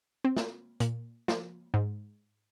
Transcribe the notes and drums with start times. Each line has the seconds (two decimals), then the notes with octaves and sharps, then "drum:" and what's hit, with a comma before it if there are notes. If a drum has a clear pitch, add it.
0.24 C4
0.37 drum: snare
0.80 A#2, drum: hi-hat
1.28 F3, drum: snare
1.74 G#2